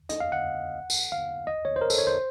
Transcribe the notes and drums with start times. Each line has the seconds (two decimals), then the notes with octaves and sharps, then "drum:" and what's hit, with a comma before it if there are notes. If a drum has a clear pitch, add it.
0.09 D#5, drum: hi-hat
0.20 F5
0.32 F#5
0.90 drum: tambourine
1.12 F5
1.47 D#5
1.65 C#5
1.76 C5
1.81 A#4
1.90 A4, drum: tambourine
1.98 C#5
2.07 C5